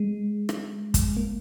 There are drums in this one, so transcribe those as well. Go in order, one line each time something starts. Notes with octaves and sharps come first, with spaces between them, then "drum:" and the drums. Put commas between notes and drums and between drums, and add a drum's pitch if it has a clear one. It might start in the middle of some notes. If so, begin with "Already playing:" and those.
Already playing: G#3
drum: rim click
drum: kick, hi-hat
A#3